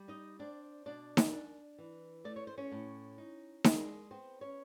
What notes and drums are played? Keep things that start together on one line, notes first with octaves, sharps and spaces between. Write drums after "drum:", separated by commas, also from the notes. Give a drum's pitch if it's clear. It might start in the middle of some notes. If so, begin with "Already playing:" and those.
Already playing: G3
D#4 D#5
C4 D4 D5
B2 D4 D5
drum: snare D#4
D4
E3
A3 D5
C#5
C5
C#4 C#5
A2
D#4
G#3, drum: snare D#4
B3 C4 C5
C#4 C#5